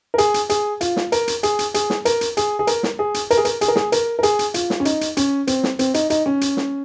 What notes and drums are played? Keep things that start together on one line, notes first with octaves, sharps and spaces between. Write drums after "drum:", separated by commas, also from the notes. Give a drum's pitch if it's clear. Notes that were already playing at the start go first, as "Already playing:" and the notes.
A#4
G#4, drum: hi-hat
drum: hi-hat
G#4, drum: hi-hat
F4, drum: hi-hat
drum: snare
A#4, drum: hi-hat
drum: hi-hat
G#4, drum: hi-hat
drum: hi-hat
G#4, drum: hi-hat
drum: snare
A#4, drum: hi-hat
drum: hi-hat
G#4, drum: hi-hat
G#4
A#4, drum: hi-hat
drum: snare
G#4
drum: hi-hat
A#4, drum: hi-hat
G#4
A#4, drum: hi-hat
G#4, drum: hi-hat
A#4
G#4, drum: snare
A#4, drum: hi-hat
A#4
G#4, drum: hi-hat
drum: hi-hat
F4, drum: hi-hat
drum: snare
C#4
D#4, drum: hi-hat
drum: hi-hat
C#4, drum: hi-hat
C4, drum: hi-hat
drum: snare
C4, drum: hi-hat
D#4, drum: hi-hat
D#4, drum: hi-hat
C#4
drum: hi-hat
drum: snare